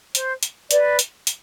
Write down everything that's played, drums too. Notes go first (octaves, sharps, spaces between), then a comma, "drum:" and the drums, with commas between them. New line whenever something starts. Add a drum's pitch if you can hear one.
C5, drum: hi-hat
drum: hi-hat
B4 D5, drum: hi-hat
drum: hi-hat
drum: hi-hat